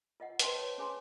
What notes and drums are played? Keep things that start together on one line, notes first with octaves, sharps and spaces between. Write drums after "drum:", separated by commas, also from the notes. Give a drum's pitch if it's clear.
F4 D#5 F#5
B4 C5 G5 A5 C6, drum: hi-hat
C#5
C#4 G#4 G#5 B5 C6